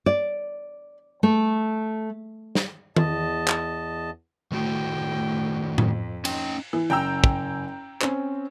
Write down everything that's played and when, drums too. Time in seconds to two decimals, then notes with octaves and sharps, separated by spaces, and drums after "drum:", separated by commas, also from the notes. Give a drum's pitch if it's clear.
0.06 D5
1.23 A3
2.55 drum: snare
2.96 E2 D#5 A5, drum: tom D#3
3.48 drum: clap
4.52 A2 D#3 A3 F#4 G5
5.78 F2, drum: tom A2
6.25 C#4 D#4 G5, drum: cymbal
6.73 E3
6.90 F#1 G5 G#5 A#5 E6 G6
7.24 drum: kick
8.01 C4 C#4, drum: clap